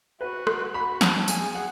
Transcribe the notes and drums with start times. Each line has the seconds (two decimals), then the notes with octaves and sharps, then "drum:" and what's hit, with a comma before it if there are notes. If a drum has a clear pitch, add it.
0.21 F#4 B4
0.47 drum: rim click
0.74 F#4 B5
1.01 A5, drum: snare
1.28 G#4 G#5, drum: tambourine
1.55 F#5